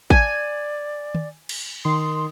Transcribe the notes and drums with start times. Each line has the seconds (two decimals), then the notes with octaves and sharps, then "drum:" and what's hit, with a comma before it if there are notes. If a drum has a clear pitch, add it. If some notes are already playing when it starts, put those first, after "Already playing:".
0.10 D5 G#5, drum: kick
1.15 drum: tom
1.49 drum: cymbal
1.85 D#3 C6 D#6